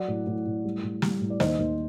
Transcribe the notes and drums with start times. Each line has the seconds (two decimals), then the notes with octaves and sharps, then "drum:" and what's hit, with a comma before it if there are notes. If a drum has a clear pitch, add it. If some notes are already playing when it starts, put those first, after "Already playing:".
Already playing: F#3 D5 F#5
0.08 A2
0.27 A2
0.46 A2
0.65 G3
0.83 A2
1.02 G3, drum: snare
1.21 A2
1.30 D5
1.40 D#2 C5 D#5, drum: snare
1.59 D#2